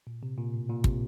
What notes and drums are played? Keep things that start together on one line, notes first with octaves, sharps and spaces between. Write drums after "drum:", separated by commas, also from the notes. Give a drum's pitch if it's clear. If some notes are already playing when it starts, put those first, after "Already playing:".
A#2
C3
A#2
A2
A#2
C3, drum: kick